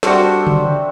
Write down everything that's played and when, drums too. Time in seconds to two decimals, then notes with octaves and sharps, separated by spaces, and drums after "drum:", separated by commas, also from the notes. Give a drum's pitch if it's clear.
0.03 G3 A3 C4 D4 F#4, drum: snare
0.47 drum: tom C#3